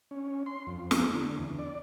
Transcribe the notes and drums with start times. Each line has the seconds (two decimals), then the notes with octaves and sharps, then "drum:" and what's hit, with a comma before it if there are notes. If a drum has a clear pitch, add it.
0.11 C#4
0.46 C6
0.67 F2
0.91 drum: snare
1.14 D3
1.39 E2
1.59 D5